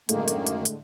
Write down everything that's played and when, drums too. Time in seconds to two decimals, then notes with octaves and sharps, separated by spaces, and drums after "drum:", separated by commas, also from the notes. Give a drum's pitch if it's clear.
0.09 F#2 A2 D3 D#3 G#3 A#3, drum: hi-hat
0.28 drum: hi-hat
0.47 drum: hi-hat
0.65 drum: hi-hat